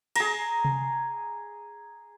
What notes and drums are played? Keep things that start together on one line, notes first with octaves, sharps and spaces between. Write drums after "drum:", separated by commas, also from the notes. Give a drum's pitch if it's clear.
G#4 A#5, drum: cymbal
drum: tom C3